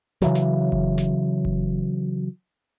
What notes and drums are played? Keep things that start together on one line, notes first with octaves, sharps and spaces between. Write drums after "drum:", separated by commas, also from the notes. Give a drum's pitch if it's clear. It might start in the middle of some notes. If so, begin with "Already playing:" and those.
C#3 E3 F#3, drum: snare
drum: snare
drum: kick F#1
drum: snare
drum: kick F#1